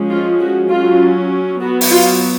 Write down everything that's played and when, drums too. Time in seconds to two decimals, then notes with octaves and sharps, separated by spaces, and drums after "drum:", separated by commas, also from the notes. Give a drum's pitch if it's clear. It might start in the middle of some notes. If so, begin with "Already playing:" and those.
Already playing: F3 G#3 C#4
0.11 F4
0.41 F#4
0.70 F#3 C#4 F4
1.61 F#3 B3 F#4
1.81 drum: open hi-hat
1.91 F4